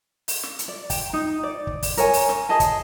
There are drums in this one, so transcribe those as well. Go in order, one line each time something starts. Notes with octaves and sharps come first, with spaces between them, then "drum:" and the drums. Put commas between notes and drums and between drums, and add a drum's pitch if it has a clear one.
drum: open hi-hat
drum: snare
drum: hi-hat
D5
G5, drum: kick, open hi-hat
D#4
D5
drum: kick
drum: kick, open hi-hat
A#4 C#5 G#5, drum: hi-hat
drum: open hi-hat
drum: snare
G#4 D#5 G#5 A5
drum: kick, hi-hat